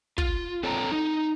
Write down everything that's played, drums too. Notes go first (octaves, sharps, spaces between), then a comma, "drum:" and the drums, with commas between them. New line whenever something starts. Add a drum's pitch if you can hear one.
F4, drum: kick
C4 A4 C#5 G5 G#5 A#5
D#4